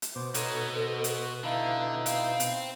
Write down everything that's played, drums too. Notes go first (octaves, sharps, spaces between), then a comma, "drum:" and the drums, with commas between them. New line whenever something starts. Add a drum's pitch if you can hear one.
drum: hi-hat
B2 C5 D6
D#4 F#4 A4 C#5 D#5, drum: hi-hat
C5
drum: hi-hat
D3 D#4 E4 F5
C5 F5 G5, drum: hi-hat
drum: hi-hat